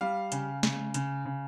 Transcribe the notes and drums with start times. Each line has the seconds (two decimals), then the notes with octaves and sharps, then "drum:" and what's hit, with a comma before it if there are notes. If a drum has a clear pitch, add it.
0.01 G3 F5
0.32 C#3, drum: hi-hat
0.63 C#3, drum: snare
0.94 C#3, drum: hi-hat
1.25 C#3